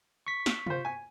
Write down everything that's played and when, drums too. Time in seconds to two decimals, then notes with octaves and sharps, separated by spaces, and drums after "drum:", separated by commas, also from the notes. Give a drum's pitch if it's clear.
0.27 C#6 B6
0.46 drum: snare
0.66 F4 C5, drum: tom C3
0.85 G#5